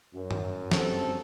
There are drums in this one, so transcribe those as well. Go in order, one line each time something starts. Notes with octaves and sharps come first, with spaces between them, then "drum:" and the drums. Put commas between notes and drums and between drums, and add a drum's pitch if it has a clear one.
F#2
drum: tom G2
G1 C4 A4, drum: snare